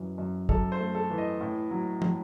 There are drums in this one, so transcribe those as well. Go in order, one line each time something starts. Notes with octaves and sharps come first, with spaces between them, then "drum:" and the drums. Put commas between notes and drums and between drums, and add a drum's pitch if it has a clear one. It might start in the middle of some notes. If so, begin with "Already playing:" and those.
Already playing: F#2 E3
F#2
F#2 A4, drum: kick
C5
A3
A4
E3
D#5
A2
F#3
A2, drum: tom